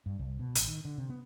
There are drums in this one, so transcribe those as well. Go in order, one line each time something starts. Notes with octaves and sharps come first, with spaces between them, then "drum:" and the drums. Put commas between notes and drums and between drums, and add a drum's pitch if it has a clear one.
G2
C2
B2
A1, drum: hi-hat
D#3
D3
C3
B3